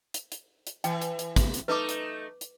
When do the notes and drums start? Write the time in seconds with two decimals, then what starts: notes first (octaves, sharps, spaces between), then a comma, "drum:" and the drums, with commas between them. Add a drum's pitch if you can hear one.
0.14 drum: hi-hat
0.32 drum: hi-hat
0.67 drum: hi-hat
0.84 E3 G5, drum: hi-hat
1.02 drum: hi-hat
1.19 drum: hi-hat
1.36 drum: kick, hi-hat
1.54 drum: hi-hat
1.68 A3 D#4 B4 D6
1.89 drum: hi-hat
2.41 drum: hi-hat